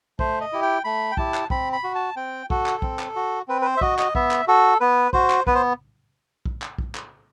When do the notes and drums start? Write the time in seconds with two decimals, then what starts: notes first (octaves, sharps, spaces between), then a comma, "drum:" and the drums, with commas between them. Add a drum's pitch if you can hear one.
0.19 A3 C5, drum: kick
0.41 D#5
0.52 E4 G4
0.62 G5
0.84 A3 B5
1.12 G5
1.17 E4 G4 A5, drum: kick
1.34 drum: clap
1.50 C4 B5, drum: kick
1.73 B5
1.84 F#4
1.95 A5
2.16 C4 G5
2.50 F#4 A4, drum: kick
2.66 drum: clap
2.82 C4, drum: kick
2.99 drum: clap
3.16 F#4
3.48 C4 B4
3.62 B4
3.65 C5
3.77 E5
3.81 F#4 D#5, drum: kick
3.99 D#5, drum: clap
4.15 B3 E5, drum: kick
4.31 drum: clap
4.47 F#4 A4
4.80 B3 B4
5.13 F#4 C5, drum: kick
5.30 drum: clap
5.47 B3 B4, drum: kick
5.55 C5
6.46 drum: kick
6.62 drum: clap
6.78 drum: kick
6.95 drum: clap